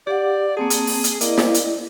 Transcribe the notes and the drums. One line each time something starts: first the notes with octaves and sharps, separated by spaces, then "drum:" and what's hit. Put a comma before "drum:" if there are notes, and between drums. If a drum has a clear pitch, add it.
G4 D5 F5 F#5
A#3 C4 G#4 A5
drum: hi-hat
drum: open hi-hat
drum: hi-hat
A#3 E4 D5 D#5, drum: hi-hat
drum: snare
drum: hi-hat